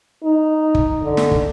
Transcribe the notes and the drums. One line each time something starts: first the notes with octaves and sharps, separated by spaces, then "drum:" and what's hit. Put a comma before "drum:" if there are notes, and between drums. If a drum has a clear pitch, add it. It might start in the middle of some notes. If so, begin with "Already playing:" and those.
D#4
drum: kick
D3
drum: snare
drum: kick